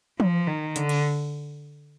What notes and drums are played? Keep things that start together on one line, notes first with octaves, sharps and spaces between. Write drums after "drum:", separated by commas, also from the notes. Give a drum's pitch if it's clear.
F3, drum: tom
D#3
D3, drum: hi-hat
drum: cymbal